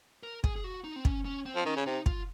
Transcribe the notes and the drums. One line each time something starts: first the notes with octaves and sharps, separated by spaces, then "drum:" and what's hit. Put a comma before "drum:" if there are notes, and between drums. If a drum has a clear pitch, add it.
A#4
G#4, drum: kick
G#4
F#4
D#4
C4
C#4, drum: kick
C#4
C4
F3
D#3 C#4
C#3
C3 D#4
F4, drum: kick